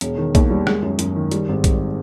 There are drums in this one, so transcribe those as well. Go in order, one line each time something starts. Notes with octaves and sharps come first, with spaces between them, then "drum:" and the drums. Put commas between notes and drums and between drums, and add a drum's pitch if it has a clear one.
E1, drum: hi-hat
D#3
D#2, drum: kick A#1, hi-hat
G3
G#3, drum: rim click
F#2
F#2, drum: hi-hat
D#3
G3, drum: hi-hat
G#1
G3, drum: kick A#1, hi-hat